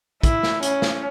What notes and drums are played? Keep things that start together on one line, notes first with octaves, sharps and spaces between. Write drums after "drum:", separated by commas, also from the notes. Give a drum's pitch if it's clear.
E4, drum: kick, hi-hat
drum: snare
C#4, drum: hi-hat
drum: snare